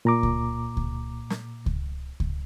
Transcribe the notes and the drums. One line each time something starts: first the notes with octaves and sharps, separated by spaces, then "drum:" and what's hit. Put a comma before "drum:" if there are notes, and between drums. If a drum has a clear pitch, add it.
A#2 A#5 D6
drum: kick C#2
drum: kick C#2
drum: snare
drum: kick C#2
drum: kick C#2